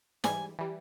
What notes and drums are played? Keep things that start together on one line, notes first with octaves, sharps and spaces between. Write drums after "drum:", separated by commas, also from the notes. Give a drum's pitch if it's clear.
G#2 E3 G3 G#5, drum: snare
E3 G3